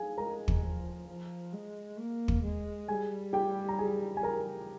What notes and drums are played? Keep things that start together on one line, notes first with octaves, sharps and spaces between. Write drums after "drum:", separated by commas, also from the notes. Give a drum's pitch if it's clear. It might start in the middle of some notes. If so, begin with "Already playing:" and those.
Already playing: G#4 F5 G#5
G#3 A#4 A#5
drum: kick
F3
F3
G#3
A#3
drum: kick
G#3
G3 G#4 G#5
G4 G5
A#5
G#4 G#5
G#5
A#4 A#5